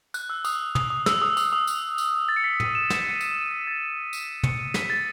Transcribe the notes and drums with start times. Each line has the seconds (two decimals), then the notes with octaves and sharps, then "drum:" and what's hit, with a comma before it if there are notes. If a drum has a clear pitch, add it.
0.14 F#6, drum: tambourine
0.29 E6
0.45 D#6, drum: tambourine
0.75 D#6, drum: tom
0.90 D#6
1.06 E6, drum: snare
1.22 D#6
1.37 D#6, drum: tambourine
1.52 D#6
1.67 drum: tambourine
1.98 drum: tambourine
2.29 A6
2.36 C#7
2.44 B6
2.60 D#7, drum: tom
2.75 E7
2.90 E7, drum: snare
3.01 C#7
3.11 D#7
3.21 E7, drum: tambourine
3.31 E7
3.41 D#7
3.51 B6
3.67 A6
4.13 drum: tambourine
4.43 C#7, drum: tom
4.59 D#7
4.74 B6, drum: snare
4.90 A6